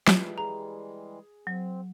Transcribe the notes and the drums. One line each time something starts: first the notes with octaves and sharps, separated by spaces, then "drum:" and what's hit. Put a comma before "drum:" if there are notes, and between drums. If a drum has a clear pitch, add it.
E3 F3 G3 G#3, drum: snare
G#4 A#5
F#3 C4